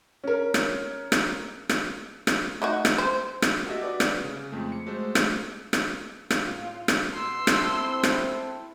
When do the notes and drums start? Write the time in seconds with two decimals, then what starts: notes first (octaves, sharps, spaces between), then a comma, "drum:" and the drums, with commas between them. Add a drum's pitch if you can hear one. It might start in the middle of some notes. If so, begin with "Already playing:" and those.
0.24 C#4 A#4
0.54 drum: rim click
1.12 drum: rim click
1.69 drum: rim click
2.27 drum: rim click
2.62 A3 D#4 F#4
2.85 drum: rim click
2.98 C5
3.42 drum: rim click
3.66 F#4 G4 A4 D#5 E5
3.82 F#4 B4 D5 D6
4.00 drum: rim click
4.24 C#3
4.52 F2 G#3 A3
4.72 C#7
4.86 G#3 A3 F#4 A4 C5
5.15 drum: rim click
5.73 drum: rim click
6.30 A2 F4, drum: rim click
6.88 drum: rim click
7.13 B2 C6 E6
7.47 C4 E4 A4, drum: rim click
8.03 drum: rim click